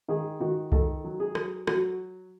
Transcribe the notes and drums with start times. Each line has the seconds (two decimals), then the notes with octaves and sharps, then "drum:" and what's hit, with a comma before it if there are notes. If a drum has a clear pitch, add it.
0.08 D#3 G#4
0.40 D#3 F#4
0.72 D#3 A4, drum: kick C2
1.04 F#3
1.20 G#4
1.35 F#3, drum: rim click
1.67 F#3 F#4, drum: rim click